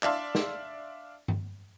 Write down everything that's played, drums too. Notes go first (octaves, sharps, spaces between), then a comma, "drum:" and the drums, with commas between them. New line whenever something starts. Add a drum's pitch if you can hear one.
D4 D5 E5 F5 A5 C6, drum: clap
drum: snare
drum: tom G2